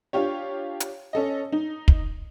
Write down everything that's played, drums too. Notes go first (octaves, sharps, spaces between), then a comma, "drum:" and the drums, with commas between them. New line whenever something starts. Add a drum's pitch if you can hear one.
D4 F4 G4 C#5
drum: hi-hat
C#4 A4 D#5
D#4
drum: kick